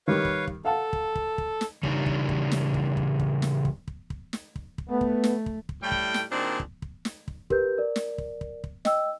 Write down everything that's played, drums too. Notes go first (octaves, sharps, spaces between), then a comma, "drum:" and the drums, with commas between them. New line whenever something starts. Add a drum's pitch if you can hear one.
D#3 G3 B4 C#5 F5
drum: kick
drum: kick
A4 F5 F#5 A5
drum: kick
drum: kick
drum: kick
drum: snare
C#3 E3 G3 D4 D#4, drum: kick
drum: kick
drum: kick
drum: snare
drum: kick
drum: kick
drum: kick
drum: snare
drum: kick
drum: kick
drum: kick
drum: snare
drum: kick
drum: kick
A3 B3
drum: kick
drum: snare
drum: kick
drum: kick
A2 G3 G5
drum: kick
drum: snare
A#2 D#3 C4 D4 F#4 G#4
drum: kick
drum: kick
drum: snare
drum: kick
G4 A#4 B4 G6, drum: kick
A#4 D5
drum: snare
drum: kick
drum: kick
drum: kick
D#5 G5 E6, drum: snare